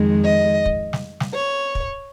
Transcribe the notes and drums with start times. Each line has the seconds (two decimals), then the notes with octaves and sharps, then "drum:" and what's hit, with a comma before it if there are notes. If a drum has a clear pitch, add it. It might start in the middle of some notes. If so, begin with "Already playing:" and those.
Already playing: F2 D#3 G#3
0.24 D#5
0.66 drum: kick
0.93 drum: snare
1.20 drum: snare
1.34 C#5
1.75 drum: kick